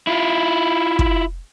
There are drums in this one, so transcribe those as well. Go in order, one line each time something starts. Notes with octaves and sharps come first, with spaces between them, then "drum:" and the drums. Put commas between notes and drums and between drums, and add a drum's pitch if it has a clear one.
E4 F4
drum: kick